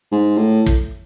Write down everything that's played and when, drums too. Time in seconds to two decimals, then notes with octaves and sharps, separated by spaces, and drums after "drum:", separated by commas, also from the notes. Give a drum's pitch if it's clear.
0.12 G#2
0.37 A2
0.66 drum: kick